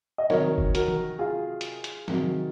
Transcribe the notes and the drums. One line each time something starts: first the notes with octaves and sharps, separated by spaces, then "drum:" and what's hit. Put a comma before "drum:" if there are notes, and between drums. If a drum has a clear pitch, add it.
D#5
C3 D#3 F#3 A#4 C#5, drum: snare
drum: kick
F#4 A#4, drum: hi-hat
drum: tom E3
F4 G#4
drum: hi-hat
drum: hi-hat
C3 D#3 F#3, drum: snare